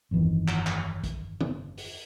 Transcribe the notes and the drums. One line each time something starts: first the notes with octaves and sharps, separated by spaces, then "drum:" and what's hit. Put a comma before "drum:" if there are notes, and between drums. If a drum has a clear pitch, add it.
G1 F2 D#3 E3
drum: clap
drum: clap
drum: kick, hi-hat
drum: tom C#3
drum: open hi-hat